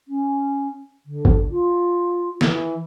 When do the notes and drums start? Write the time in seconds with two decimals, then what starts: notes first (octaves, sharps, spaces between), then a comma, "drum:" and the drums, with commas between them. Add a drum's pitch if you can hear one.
0.08 C#4
1.06 D3
1.25 drum: kick G#1
1.51 F4
2.41 E3, drum: snare